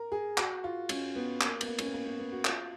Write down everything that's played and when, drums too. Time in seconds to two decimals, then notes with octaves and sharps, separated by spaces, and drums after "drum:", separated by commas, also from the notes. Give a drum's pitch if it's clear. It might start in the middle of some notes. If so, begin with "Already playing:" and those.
Already playing: A#4
0.12 G#4
0.38 F#4, drum: clap
0.64 F4
0.89 C#4, drum: cymbal
1.16 B3
1.41 A#3, drum: clap
1.61 B3, drum: cymbal
1.67 A#3
1.79 C#4, drum: cymbal
1.86 B3
1.94 A#3
2.06 B3
2.19 B3
2.32 F#4
2.45 F4, drum: clap